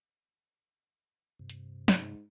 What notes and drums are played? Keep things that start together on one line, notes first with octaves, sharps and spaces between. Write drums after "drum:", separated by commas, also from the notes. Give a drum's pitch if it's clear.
G2 C3
drum: hi-hat
G#2, drum: snare